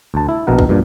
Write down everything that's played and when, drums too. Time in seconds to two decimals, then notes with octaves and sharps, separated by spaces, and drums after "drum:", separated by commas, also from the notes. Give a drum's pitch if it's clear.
0.14 D2 A5
0.29 E4
0.47 A#1 B2 A#4 F#5
0.59 drum: kick
0.69 G2 A#2